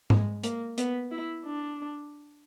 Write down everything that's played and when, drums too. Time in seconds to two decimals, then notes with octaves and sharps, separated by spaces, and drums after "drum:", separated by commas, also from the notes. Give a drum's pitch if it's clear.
0.10 G#3, drum: tom G#2
0.44 A#3, drum: hi-hat
0.78 B3, drum: hi-hat
1.11 E4
1.45 D4